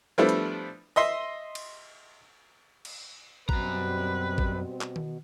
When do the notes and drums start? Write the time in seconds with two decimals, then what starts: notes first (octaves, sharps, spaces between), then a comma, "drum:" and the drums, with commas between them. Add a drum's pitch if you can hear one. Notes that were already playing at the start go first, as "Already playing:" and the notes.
0.18 F3 G3 A3 B3 D4 E4
0.29 drum: hi-hat
0.96 D#5 E5 C6
1.55 drum: cymbal
2.85 drum: cymbal
3.49 F#2 B2 G3 C4 B4 A#5, drum: kick A1
4.38 drum: kick A1
4.81 drum: clap
4.96 drum: tom D#3